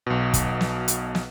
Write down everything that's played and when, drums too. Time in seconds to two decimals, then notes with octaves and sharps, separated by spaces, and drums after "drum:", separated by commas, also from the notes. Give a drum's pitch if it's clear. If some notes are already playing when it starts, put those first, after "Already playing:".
0.07 B1 B2
0.34 drum: kick, hi-hat
0.61 drum: snare
0.88 drum: hi-hat
1.15 drum: snare